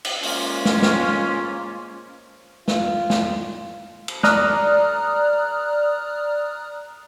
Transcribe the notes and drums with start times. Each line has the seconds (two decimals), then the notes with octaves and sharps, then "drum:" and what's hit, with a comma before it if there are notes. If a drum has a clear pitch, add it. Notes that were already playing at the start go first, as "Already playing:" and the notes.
0.05 drum: cymbal
0.23 G#3 A#3 C#4 F4, drum: open hi-hat
0.65 drum: snare
0.82 drum: snare
2.68 F4, drum: snare
3.10 drum: snare
4.08 drum: cymbal
4.23 D5 A#5 D#6 F6 F#6, drum: snare